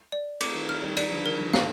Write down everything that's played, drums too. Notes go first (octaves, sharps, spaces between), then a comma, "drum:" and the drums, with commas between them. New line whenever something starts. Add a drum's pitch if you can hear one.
D5
A3 C4 D6, drum: cymbal
D#3
D#3 F6
D#3 G3
D#3 G3 D5, drum: cymbal
D3 F3
D#3 A#4
D3 F3
F3 A3 F5, drum: snare